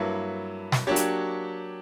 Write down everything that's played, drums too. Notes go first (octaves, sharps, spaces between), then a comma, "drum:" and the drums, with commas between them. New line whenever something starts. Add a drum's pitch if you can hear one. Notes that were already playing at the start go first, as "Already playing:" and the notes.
Already playing: G2 F#3 A#3 E4 B4
drum: snare
F#3 A#3 D4 G4 C#5
drum: hi-hat